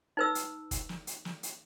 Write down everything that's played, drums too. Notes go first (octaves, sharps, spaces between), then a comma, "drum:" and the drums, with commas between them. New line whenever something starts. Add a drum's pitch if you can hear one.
D#4 B4 E6
drum: hi-hat
drum: kick, hi-hat
drum: snare
drum: hi-hat
drum: snare
drum: hi-hat